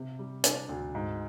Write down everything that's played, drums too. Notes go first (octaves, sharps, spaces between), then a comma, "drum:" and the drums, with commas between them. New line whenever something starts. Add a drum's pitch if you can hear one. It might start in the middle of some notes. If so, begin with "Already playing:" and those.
Already playing: C3
G3
D4, drum: hi-hat
D2
G#2